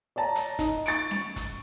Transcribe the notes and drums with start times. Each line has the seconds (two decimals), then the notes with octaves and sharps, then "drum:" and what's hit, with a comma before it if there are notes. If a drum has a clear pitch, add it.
0.16 C#5 D5 A5 A#5
0.35 drum: hi-hat
0.59 D#4, drum: kick, hi-hat
0.86 C#6 A6 C#7 D7, drum: hi-hat
1.11 drum: snare C#4
1.36 drum: kick, hi-hat